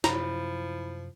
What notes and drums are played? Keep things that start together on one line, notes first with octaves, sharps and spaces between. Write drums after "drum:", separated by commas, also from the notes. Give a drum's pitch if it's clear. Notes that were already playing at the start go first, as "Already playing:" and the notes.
F#2 C3 F3 E4 A#5 B5, drum: snare